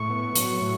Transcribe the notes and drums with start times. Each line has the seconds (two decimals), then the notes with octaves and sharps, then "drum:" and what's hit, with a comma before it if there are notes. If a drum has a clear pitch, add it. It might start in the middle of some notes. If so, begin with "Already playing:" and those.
Already playing: A2 C#6
0.10 B3
0.36 F#3, drum: hi-hat
0.61 A2